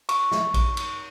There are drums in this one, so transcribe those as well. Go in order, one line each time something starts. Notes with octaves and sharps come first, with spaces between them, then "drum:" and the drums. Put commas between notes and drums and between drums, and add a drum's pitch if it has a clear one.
C#6, drum: cymbal
drum: snare
drum: kick A#1, cymbal
drum: cymbal